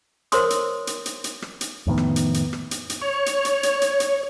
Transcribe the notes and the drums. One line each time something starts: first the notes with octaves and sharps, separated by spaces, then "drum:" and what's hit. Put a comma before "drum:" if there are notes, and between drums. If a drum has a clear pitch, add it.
A#4 C5 C#5 C6 D#6, drum: hi-hat
drum: hi-hat
drum: hi-hat
drum: hi-hat
drum: hi-hat
drum: rim click
drum: hi-hat
F2 A2 D#3 B3
drum: rim click
drum: hi-hat
drum: hi-hat
drum: rim click
drum: hi-hat
drum: hi-hat
C#5
drum: hi-hat
drum: hi-hat
drum: hi-hat
drum: hi-hat
drum: hi-hat